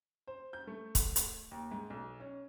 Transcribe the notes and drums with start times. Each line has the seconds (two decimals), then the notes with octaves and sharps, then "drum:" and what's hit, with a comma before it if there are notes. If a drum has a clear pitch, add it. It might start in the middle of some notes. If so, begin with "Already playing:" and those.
0.27 C5
0.53 G6
0.67 A3
0.95 drum: kick, hi-hat
1.16 drum: hi-hat
1.51 D#2
1.71 G#2
1.90 B1
2.20 C#4